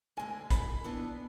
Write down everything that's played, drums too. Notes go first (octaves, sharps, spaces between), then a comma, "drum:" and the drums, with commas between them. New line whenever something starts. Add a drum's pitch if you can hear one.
D2 D3 G#3 G#5
B5, drum: kick, hi-hat
E3 B3 D4